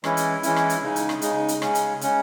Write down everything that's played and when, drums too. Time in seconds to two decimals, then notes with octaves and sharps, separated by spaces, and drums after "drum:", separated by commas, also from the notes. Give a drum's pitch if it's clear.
0.04 E3 G#3 C#4 E4, drum: rim click
0.17 drum: hi-hat
0.43 E3 G#3 C#4 E4, drum: hi-hat
0.56 drum: rim click
0.69 drum: hi-hat
0.83 C#3 G#3 D#4
0.96 drum: hi-hat
1.09 drum: rim click
1.22 C#3 G#3 D#4, drum: hi-hat
1.48 drum: hi-hat
1.62 C#3 G#3 C#4, drum: rim click
1.75 drum: hi-hat
2.01 C#3 G#3 C#4, drum: hi-hat